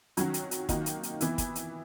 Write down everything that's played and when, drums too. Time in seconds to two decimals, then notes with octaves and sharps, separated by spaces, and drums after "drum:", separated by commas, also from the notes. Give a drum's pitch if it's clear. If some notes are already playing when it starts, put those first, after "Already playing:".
0.17 D#3 F#3 C#4 F#4, drum: hi-hat
0.34 drum: hi-hat
0.51 drum: hi-hat
0.69 D#3 A#3 D#4 F#4, drum: kick, hi-hat
0.86 drum: hi-hat
1.03 drum: hi-hat
1.21 E3 B3 E4, drum: hi-hat
1.38 drum: kick, hi-hat
1.55 drum: hi-hat